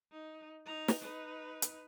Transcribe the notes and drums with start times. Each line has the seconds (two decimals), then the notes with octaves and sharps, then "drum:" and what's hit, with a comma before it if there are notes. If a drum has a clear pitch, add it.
0.12 D#4
0.66 D#4 A#5
0.88 drum: snare
0.99 D#4 B4
1.62 drum: hi-hat